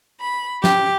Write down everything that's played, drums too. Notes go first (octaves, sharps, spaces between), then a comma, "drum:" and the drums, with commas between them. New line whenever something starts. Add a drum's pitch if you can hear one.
B5
G4, drum: snare